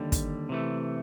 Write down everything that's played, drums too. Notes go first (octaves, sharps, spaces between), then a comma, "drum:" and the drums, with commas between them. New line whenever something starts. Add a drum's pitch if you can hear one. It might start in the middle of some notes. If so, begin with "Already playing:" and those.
Already playing: D#2 D3 G3
drum: kick, hi-hat
C3 E3 A3